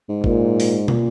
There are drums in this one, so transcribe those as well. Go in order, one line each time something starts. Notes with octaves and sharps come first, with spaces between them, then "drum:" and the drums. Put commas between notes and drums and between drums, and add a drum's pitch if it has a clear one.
G#2
A#2, drum: kick G1
drum: open hi-hat
A#2, drum: tom